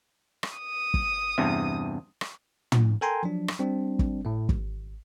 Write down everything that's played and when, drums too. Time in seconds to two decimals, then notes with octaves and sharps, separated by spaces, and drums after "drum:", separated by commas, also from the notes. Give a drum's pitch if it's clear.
0.43 drum: rim click
0.58 D#6
0.94 drum: kick
1.38 E2 G2 C3
2.21 drum: rim click
2.72 drum: tom
3.01 A4 A#4 G5 G#5 A#5 C6
3.23 F3 F#3 D4
3.48 drum: rim click
3.59 G3 C4 D4
3.99 drum: kick
4.25 A2 A3
4.49 G#1, drum: kick